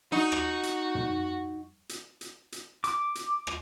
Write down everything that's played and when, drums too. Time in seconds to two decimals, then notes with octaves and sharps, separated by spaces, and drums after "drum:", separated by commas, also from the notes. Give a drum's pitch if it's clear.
0.12 D#4 F#4
0.32 drum: rim click
0.63 drum: hi-hat
0.95 drum: tom
1.89 drum: hi-hat
2.21 drum: hi-hat
2.52 drum: hi-hat
2.84 D6, drum: hi-hat
3.15 drum: hi-hat
3.47 drum: rim click